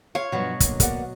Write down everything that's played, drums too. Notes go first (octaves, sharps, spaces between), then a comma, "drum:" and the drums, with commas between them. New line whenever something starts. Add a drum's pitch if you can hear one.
F4 C#5 F5
G2 B2 F3 F#3 F#4
D3 A#3, drum: kick, hi-hat
A#3 B3 A#4 D5 F#5, drum: kick, hi-hat